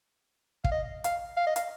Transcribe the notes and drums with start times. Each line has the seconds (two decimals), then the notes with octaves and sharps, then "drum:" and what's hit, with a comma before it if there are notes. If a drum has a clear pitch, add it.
0.64 F5, drum: kick
0.72 D#5
1.04 F5, drum: hi-hat
1.37 F5
1.47 D#5
1.56 F5, drum: hi-hat